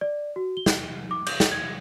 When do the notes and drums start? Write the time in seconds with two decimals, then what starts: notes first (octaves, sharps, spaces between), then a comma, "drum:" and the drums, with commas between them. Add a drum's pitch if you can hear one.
0.01 D5
0.36 F#4
0.57 G7
0.66 drum: snare
1.11 D6
1.26 G6, drum: cymbal
1.40 drum: snare
1.51 G#6